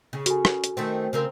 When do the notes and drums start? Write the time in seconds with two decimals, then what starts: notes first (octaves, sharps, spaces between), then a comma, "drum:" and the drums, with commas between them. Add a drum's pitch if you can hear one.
0.13 C#3
0.26 F#4 A4 G#5, drum: hi-hat
0.45 drum: rim click
0.64 drum: hi-hat
0.77 D#3 A3 C4
1.13 C#3 C4 A#4